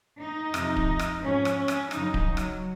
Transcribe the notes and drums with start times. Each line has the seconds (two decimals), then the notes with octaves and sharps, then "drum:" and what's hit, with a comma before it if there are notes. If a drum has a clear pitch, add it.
0.19 D#4
0.54 F2 C3 F3, drum: rim click
0.76 drum: kick D1
0.99 drum: rim click
1.22 G#2 F3 C#4
1.45 drum: rim click
1.57 C#4
1.68 drum: rim click
1.91 F#2 C#3 F3 D#4, drum: rim click
2.14 drum: kick D1
2.26 F#3
2.37 drum: rim click